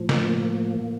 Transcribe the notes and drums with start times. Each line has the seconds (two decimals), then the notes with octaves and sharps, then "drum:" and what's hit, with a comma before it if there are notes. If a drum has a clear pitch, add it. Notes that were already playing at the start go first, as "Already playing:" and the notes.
Already playing: A2 F3
0.09 A#3, drum: snare
0.27 A#3